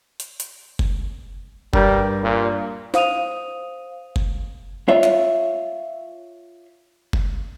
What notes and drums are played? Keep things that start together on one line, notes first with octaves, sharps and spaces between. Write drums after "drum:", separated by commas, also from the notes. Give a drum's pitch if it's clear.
drum: hi-hat
drum: hi-hat
drum: kick F#1
G2 G3 A#4 G6, drum: kick F#1
A#2
C5 F5 D#6 D#7 F7, drum: snare E4
drum: kick F#1
F4 C#5 E5
drum: clap
drum: kick F#1